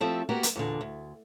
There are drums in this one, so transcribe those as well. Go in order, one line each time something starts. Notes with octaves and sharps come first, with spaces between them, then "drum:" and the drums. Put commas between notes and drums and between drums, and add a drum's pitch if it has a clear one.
F3 A3 C4 G4 A4
A#3 B3 F#4 G4 A#4
drum: hi-hat
E2 A#2 D3
D2